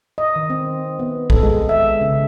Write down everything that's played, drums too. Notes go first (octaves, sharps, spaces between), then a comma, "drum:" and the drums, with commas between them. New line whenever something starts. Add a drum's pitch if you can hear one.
D#5
D#3
C4
B3
A4, drum: kick
G#3
E5
C#3